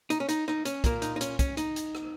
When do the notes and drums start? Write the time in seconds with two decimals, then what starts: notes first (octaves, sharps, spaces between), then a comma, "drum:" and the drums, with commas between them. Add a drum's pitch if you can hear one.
0.10 D#4, drum: hi-hat
0.20 C#4
0.29 D#4, drum: hi-hat
0.48 D#4, drum: rim click
0.65 C#4, drum: hi-hat
0.84 A#2 A#3, drum: kick, hi-hat
1.02 D#4, drum: hi-hat
1.16 D#4
1.21 C#4, drum: hi-hat
1.39 C#4, drum: kick, hi-hat
1.57 D#4, drum: hi-hat
1.76 drum: hi-hat
1.95 drum: rim click